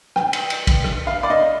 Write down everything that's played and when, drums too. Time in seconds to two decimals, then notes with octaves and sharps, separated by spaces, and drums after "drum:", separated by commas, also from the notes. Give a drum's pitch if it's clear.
0.16 G5, drum: rim click
0.33 drum: cymbal
0.50 drum: cymbal
0.67 drum: kick, cymbal
0.84 drum: rim click
1.07 F5
1.23 D5
1.30 D#5